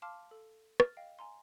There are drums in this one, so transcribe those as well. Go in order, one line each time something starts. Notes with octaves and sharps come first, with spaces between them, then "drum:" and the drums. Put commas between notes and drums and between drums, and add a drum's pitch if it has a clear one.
F5 A5 C6 D6 F6
A4
F6 A6, drum: rim click
D#5 F5 G5
G#5 A#5 C6